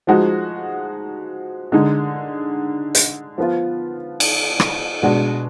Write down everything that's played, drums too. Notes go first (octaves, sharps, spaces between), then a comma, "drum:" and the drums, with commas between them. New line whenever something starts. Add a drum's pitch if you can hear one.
F3 G#3 D#4 F#4
D3 G#3 D#4
drum: hi-hat
F3 B3 F4
drum: cymbal
drum: rim click
B2 G#3 D4 F#4